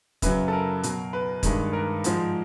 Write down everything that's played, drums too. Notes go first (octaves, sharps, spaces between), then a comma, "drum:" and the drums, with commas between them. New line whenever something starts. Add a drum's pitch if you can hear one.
F#2 C#3 F#3 B4, drum: kick, hi-hat
A4
A#4
B2 F#3, drum: hi-hat
B4
G2 D#3 G#3, drum: kick, hi-hat
A#4
G#2 F3 G#3, drum: hi-hat